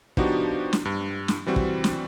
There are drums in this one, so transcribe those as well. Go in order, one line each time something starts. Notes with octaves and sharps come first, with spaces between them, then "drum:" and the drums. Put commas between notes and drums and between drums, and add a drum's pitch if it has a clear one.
F3 B3 D4 D#4 F#4 G4, drum: kick
drum: snare
G2
drum: snare
E3 G3 C4 F#4
drum: kick
drum: snare